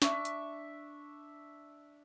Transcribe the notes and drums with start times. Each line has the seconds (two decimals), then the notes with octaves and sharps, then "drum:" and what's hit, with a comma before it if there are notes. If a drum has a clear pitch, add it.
0.02 D4 E5 C#6, drum: snare
0.25 drum: hi-hat